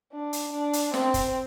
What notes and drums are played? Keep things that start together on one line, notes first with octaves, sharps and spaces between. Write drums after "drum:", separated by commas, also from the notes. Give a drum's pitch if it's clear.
D4
drum: hi-hat
D4
drum: hi-hat
C4, drum: snare
drum: kick, hi-hat